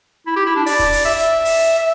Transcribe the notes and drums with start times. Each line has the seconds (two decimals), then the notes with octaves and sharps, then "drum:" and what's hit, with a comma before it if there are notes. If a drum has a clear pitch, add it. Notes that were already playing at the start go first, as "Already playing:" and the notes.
0.27 E4
0.36 G4
0.46 E4
0.56 D4
0.66 D5, drum: open hi-hat
0.79 drum: kick, hi-hat
0.93 drum: open hi-hat
1.05 E5, drum: hi-hat
1.19 drum: hi-hat
1.45 drum: open hi-hat
1.58 drum: hi-hat
1.78 E5